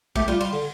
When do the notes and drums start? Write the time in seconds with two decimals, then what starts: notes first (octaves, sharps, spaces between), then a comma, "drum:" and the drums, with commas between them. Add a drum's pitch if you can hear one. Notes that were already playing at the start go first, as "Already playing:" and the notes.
0.16 A3 G4, drum: kick A#1
0.28 G3 F4
0.40 G3 F4
0.52 D3, drum: open hi-hat